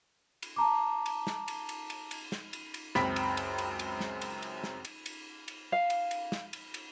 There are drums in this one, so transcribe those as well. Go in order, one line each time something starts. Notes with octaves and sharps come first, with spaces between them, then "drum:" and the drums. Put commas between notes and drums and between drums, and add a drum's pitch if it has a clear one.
drum: cymbal
A5 A#5 D6
drum: cymbal
drum: snare
drum: cymbal
drum: cymbal
drum: cymbal
drum: cymbal
drum: snare
drum: cymbal
drum: cymbal
C#2 F#2 C4 B5 B6, drum: snare
drum: cymbal
drum: cymbal
drum: cymbal
drum: cymbal
drum: snare
drum: cymbal
drum: cymbal
drum: snare
drum: cymbal
drum: cymbal
drum: cymbal
F5
drum: cymbal
drum: cymbal
drum: snare
drum: cymbal
drum: cymbal